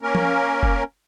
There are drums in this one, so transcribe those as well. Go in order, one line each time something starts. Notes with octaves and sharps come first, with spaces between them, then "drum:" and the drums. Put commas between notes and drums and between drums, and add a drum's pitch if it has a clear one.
A#3 C#4 A#4
drum: tom
drum: kick F1